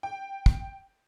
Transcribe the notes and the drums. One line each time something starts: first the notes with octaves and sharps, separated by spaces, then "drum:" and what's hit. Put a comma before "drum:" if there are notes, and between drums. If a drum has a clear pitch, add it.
G5
drum: kick